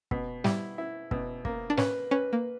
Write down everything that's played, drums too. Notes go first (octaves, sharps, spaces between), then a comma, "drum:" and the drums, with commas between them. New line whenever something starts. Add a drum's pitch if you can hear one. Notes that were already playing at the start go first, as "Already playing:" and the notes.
B2, drum: kick
G3 E4, drum: snare
E4
B2, drum: kick
A#3, drum: kick
D4
C#4 B4, drum: snare
C#4 B4
A#3